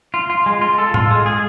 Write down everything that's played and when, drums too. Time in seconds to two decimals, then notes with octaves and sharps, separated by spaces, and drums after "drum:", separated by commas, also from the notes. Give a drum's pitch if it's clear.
0.14 F4
0.30 F4
0.46 G#3
0.61 F4
0.78 A4
0.94 F4, drum: tom A2
1.11 G#3
1.26 G#4